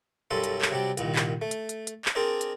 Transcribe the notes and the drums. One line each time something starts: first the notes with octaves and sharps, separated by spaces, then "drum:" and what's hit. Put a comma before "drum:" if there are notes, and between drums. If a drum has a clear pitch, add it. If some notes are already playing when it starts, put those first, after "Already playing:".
B1 F#2 G3 C#4 A4 C6
drum: hi-hat
drum: clap
C3 F#3 G3 D4 G4
C2 A#2 D#3, drum: hi-hat
drum: clap
A3
drum: hi-hat
drum: hi-hat
drum: hi-hat
drum: clap
C4 D4 G#4 A#4 C5 D5
drum: hi-hat